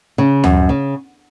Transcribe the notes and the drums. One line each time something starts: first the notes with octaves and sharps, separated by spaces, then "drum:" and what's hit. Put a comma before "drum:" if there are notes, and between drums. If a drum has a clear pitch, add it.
C#3
F#2, drum: tom D2
C#3